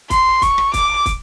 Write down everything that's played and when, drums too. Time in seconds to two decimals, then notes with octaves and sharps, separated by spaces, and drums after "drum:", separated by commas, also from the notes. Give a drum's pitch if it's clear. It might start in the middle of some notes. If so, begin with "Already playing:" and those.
0.10 C6, drum: kick, hi-hat
0.42 C#6, drum: kick, hi-hat
0.58 drum: rim click
0.74 D6, drum: kick, hi-hat
1.06 drum: kick, hi-hat